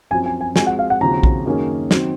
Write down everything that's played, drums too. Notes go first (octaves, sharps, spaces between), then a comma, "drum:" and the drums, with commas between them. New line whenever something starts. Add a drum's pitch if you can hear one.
F#2 F3 C4 G#5
G#5
G#5
F3 G#3 C4 F#4 G#5, drum: snare
F#5
F5
F#5
D#2 C#3 F3 C4 F#4 A#5
drum: kick A#1
F#2 D#3 A#3 C#4 G#4
D#3 F#3 C4, drum: snare